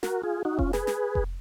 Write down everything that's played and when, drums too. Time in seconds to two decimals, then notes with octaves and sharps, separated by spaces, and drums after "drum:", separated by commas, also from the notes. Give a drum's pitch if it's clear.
0.03 F#4 A#4, drum: snare
0.23 F4 G#4
0.45 D#4 F#4
0.59 C#4 F4, drum: kick F1
0.73 G#4 B4, drum: snare
0.87 drum: snare
1.15 drum: kick F1